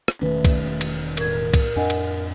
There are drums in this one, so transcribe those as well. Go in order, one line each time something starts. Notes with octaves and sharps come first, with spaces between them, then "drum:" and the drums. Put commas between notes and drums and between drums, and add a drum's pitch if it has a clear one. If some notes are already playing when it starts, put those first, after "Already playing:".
drum: rim click
E1 D#3 A3 C#4 B4
drum: kick B1, cymbal
drum: cymbal
A2 A#4 G#6, drum: cymbal
drum: kick B1, cymbal
F2 D4 D#5 F#5 G#5
drum: cymbal